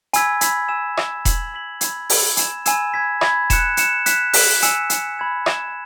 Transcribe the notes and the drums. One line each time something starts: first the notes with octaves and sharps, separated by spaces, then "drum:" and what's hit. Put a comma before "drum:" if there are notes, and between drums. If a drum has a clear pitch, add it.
G#5 B5 E6 G#6 B6, drum: hi-hat
G#5 B5 E6 G#6 B6, drum: hi-hat
G#5 E6 G#6 E7
G#5 E6 G#6 E7, drum: rim click
E6 G#6 B6 F#7, drum: kick E1, hi-hat
E6 G#6 B6 F#7
B5 E6 G#6, drum: hi-hat
B5 E6 G#6, drum: open hi-hat
G#5 B5 E6 G#6 E7, drum: hi-hat
G#5 B5 E6 G#6 E7, drum: hi-hat
B5 G#6 B6
B5 G#6 B6, drum: rim click
F#6 C#7 E7, drum: kick E1, hi-hat
F#6 C#7 E7, drum: hi-hat
F#6 B6 E7, drum: hi-hat
F#6 B6 E7, drum: open hi-hat
G#5 E6 C#7 E7, drum: hi-hat
G#5 E6 C#7 E7, drum: hi-hat
B5 G#6 E7
B5 G#6 E7, drum: rim click